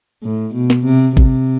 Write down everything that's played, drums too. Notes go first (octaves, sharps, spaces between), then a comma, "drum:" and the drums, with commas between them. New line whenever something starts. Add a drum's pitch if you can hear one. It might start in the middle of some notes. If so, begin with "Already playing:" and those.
A2
B2
drum: snare
C3
C3, drum: kick